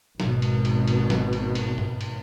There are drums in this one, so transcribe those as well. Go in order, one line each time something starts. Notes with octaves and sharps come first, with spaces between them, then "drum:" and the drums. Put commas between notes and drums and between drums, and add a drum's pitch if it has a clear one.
G#1 G#2 B2 B3, drum: snare
drum: cymbal
drum: cymbal
drum: cymbal
drum: snare
drum: cymbal
drum: cymbal
drum: tom G2
drum: cymbal